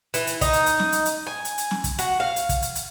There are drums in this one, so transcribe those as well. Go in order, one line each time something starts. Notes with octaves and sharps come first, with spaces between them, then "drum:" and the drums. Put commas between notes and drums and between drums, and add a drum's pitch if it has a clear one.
E3, drum: hi-hat
drum: hi-hat
D#4, drum: kick, hi-hat
drum: hi-hat
drum: hi-hat
drum: snare
drum: hi-hat
drum: hi-hat
G#5
drum: hi-hat
drum: hi-hat
drum: snare
drum: kick, hi-hat
F#4, drum: hi-hat
F5
drum: hi-hat
drum: kick, hi-hat
drum: hi-hat
drum: hi-hat